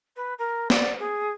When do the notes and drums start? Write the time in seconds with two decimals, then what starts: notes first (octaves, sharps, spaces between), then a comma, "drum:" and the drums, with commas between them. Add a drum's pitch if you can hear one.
0.16 B4
0.38 A#4
0.70 D5, drum: snare
0.99 G#4